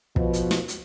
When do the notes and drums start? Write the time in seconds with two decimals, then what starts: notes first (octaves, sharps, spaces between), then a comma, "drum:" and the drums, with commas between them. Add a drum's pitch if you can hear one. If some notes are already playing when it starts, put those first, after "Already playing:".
0.16 B2 F3, drum: kick
0.33 drum: hi-hat
0.51 drum: snare
0.68 drum: hi-hat